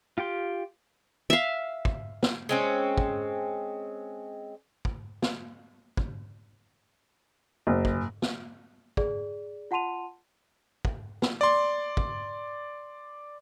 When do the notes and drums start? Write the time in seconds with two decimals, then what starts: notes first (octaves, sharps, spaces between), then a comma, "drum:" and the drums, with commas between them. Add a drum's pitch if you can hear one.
0.18 F4 G4 G5 C6
1.30 E5 F5
1.85 drum: kick
2.23 drum: snare
2.49 G#3 C4 C#4
2.98 drum: kick
4.85 drum: kick
5.22 drum: snare
5.97 drum: kick
7.67 F#1
7.85 drum: kick
8.22 drum: snare
8.97 G#4 D5, drum: kick
9.71 F4 F#5 A5 C6 D#7 F7
10.85 drum: kick
11.22 drum: snare
11.41 D5 C6
11.97 drum: kick